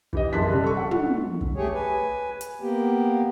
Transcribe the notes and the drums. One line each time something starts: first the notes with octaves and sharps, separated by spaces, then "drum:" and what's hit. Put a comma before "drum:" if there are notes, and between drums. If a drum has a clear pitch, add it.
E3 G4 D#5, drum: kick
F#1 G#4 A5 C6 F#6 B6
C#3 G3
A4 C#6
F#5
drum: tom
drum: kick
A3 G4 G#4 C#5
B4 G#5
drum: hi-hat
A#3 B3 G4